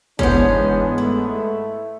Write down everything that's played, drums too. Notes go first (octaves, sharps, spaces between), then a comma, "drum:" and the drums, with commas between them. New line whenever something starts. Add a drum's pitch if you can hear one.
G#2 E3 B3 C#4 D4 C5, drum: kick
A3 E4